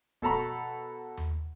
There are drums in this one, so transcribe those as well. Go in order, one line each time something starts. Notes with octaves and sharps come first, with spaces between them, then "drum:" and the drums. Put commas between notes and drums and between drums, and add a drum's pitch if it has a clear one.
B2 A4 A#5 B5 C#6, drum: kick
drum: tom D#2